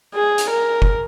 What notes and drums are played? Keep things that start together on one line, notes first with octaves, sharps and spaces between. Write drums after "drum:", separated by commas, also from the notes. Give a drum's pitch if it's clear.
G#4
drum: hi-hat
A#4
drum: kick